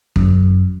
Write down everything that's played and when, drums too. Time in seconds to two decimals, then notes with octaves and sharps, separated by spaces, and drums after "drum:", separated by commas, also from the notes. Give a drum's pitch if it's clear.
0.16 F#2, drum: kick